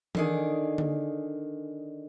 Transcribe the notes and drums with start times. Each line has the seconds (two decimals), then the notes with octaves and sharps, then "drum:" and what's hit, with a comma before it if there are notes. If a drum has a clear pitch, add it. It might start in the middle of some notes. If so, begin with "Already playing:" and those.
0.15 D3 D#3 G#4, drum: tom E3
0.78 drum: tom D3